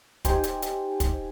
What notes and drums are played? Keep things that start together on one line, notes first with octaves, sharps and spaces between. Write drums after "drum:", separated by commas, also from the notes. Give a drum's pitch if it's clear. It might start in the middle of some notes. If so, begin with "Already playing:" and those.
D#4 G4 C5 G5 G#5, drum: kick, hi-hat
drum: hi-hat
drum: hi-hat
drum: kick, hi-hat